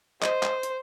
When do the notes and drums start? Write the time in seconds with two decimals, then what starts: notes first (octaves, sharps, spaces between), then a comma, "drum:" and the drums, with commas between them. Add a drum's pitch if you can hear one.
0.22 C5 D#5, drum: clap
0.43 drum: clap
0.63 drum: hi-hat